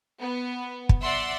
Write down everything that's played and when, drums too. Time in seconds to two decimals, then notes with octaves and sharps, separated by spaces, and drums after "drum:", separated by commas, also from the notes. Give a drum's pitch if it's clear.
0.20 B3
0.89 drum: kick
1.00 D5 E5 F#5 C6 E6